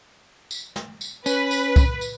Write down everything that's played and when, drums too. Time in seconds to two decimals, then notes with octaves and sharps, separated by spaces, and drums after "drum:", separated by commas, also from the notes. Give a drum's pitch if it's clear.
0.51 drum: tambourine
0.76 drum: snare
1.01 drum: tambourine
1.26 C#4 B4, drum: tambourine
1.51 drum: tambourine
1.76 drum: kick, tambourine
2.01 drum: tambourine